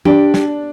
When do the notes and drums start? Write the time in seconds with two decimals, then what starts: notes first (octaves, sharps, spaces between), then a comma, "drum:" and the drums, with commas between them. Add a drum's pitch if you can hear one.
0.05 D4 G4, drum: tom
0.34 drum: snare